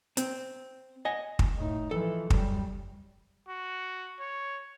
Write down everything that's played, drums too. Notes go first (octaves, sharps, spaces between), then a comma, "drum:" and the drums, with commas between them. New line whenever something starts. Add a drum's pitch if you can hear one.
C4, drum: hi-hat
D#5 F#5 G#5
drum: kick
A2 D#4
E3 F3 A4
F#2 G3, drum: kick
F#4
C#5